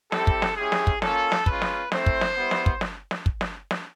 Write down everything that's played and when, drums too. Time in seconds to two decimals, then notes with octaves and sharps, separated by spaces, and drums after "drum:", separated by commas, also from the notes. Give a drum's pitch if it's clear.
0.12 G3 C4 E4 G4 A4, drum: snare
0.27 drum: kick
0.42 drum: snare
0.57 G#3 C#4 E4 G4 G#4
0.72 drum: snare
0.87 drum: kick
1.02 A#3 C#4 F4 A4, drum: snare
1.32 drum: snare
1.46 G#3 C#4 F4 B4, drum: kick
1.62 drum: snare
1.92 A3 C4 E4 C5, drum: snare
2.06 drum: kick
2.21 drum: snare
2.37 G3 B3 E4
2.51 drum: snare
2.66 drum: kick
2.81 drum: snare
3.11 drum: snare
3.26 drum: kick
3.41 drum: snare
3.71 drum: snare